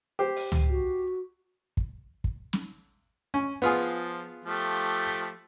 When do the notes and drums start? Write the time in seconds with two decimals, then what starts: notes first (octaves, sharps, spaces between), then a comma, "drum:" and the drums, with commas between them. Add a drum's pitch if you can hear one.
0.19 G4 C5
0.36 drum: open hi-hat
0.52 drum: tom C#2
0.69 F#4
1.77 drum: kick
2.24 drum: kick
2.53 drum: snare
3.34 C#4
3.62 F3 B3 F4 G#4
4.45 F3 A3 G4